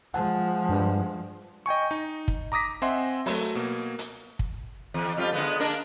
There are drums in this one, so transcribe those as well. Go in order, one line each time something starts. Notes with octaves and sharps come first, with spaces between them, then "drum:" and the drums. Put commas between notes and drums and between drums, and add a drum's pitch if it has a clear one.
F3 G#3 F#5 A5
G2
D#5 G5 G#5 C#6
D#4
drum: kick
A#5 D6 D#6 A#6 B6
C4 D#5 E5 F#5 G#5 C6
F#3 A3, drum: open hi-hat
B2 A#3
drum: hi-hat
drum: kick
E2
F2 G3 F4
D3 G#3 B3
A#3 D4 A#4